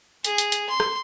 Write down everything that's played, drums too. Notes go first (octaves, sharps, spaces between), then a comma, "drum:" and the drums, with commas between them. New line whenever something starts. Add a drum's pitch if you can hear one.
G#4, drum: hi-hat
drum: hi-hat
drum: hi-hat
C6
drum: rim click